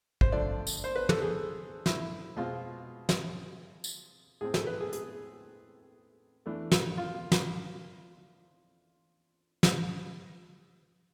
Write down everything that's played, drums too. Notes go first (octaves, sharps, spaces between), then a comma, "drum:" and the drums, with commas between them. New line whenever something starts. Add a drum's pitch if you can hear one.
C5, drum: kick
D3 F3 A3 D4 D5
drum: tambourine
C5
B4
A4, drum: tom
G#4
E4, drum: snare
B2 G#3 C4 F4
drum: snare
drum: tambourine
A2 G#3 C4 G#4
A4, drum: snare
B4
G#4
G#4, drum: hi-hat
E3 A3 D4
drum: snare
F4
drum: snare
drum: snare